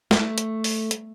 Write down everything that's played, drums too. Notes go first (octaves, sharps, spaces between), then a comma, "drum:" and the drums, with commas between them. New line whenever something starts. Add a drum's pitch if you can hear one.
A3, drum: snare
drum: hi-hat
drum: open hi-hat
drum: hi-hat